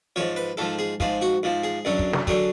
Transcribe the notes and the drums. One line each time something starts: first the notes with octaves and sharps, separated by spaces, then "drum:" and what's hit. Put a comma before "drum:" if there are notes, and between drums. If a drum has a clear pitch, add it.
G#2 F3 C#5
B4
G#2 F3 A4
G#4
G#2 F3 G#4, drum: kick
F#4
G#2 F3
G#4
F#2 D3 F#3
drum: kick
drum: snare
D3 F#3 G#4, drum: kick